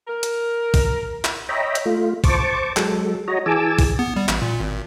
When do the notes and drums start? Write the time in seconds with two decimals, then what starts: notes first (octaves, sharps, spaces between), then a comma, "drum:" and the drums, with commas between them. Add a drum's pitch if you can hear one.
0.08 A#4
0.23 drum: hi-hat
0.74 drum: kick, open hi-hat
1.25 drum: clap
1.49 C#5 D#5 E5 G5 A#5 B5
1.75 drum: hi-hat
1.86 A3 F4
2.24 C5 A5 C#6 D6, drum: kick, open hi-hat
2.77 F#3 G#3 A4, drum: clap
3.28 F#4 C#5 D#5 A#5
3.46 E3 G#4 G#5 A5 D6 E6
3.79 drum: kick, open hi-hat
3.99 B3
4.16 G3
4.29 A1, drum: clap
4.42 A#2
4.60 G#1